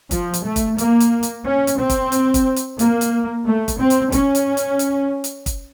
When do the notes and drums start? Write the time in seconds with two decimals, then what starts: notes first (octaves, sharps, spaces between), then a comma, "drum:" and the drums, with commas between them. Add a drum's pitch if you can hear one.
0.11 F3, drum: kick, hi-hat
0.34 drum: hi-hat
0.44 A3
0.56 drum: kick, hi-hat
0.78 A#3, drum: hi-hat
1.00 drum: hi-hat
1.23 drum: hi-hat
1.45 C#4
1.67 drum: hi-hat
1.79 C4
1.90 drum: kick, hi-hat
2.12 drum: hi-hat
2.34 drum: kick, hi-hat
2.56 drum: hi-hat
2.79 A#3, drum: hi-hat
3.01 drum: hi-hat
3.46 A3
3.68 drum: kick, hi-hat
3.80 C4
3.90 drum: hi-hat
4.12 C#4, drum: kick, hi-hat
4.35 drum: hi-hat
4.57 drum: hi-hat
4.79 drum: hi-hat
5.24 drum: hi-hat
5.46 drum: kick, hi-hat